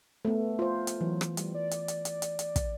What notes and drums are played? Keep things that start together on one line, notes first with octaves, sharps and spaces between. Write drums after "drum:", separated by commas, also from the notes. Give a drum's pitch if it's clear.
A3 B3
F4 C5
drum: hi-hat
E3 F#3
drum: rim click
G3, drum: hi-hat
D5
drum: hi-hat
drum: hi-hat
drum: hi-hat
drum: hi-hat
drum: hi-hat
drum: kick, hi-hat